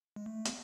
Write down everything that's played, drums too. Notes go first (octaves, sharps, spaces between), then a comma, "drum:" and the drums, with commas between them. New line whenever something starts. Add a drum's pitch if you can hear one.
G#3
A3
B3, drum: hi-hat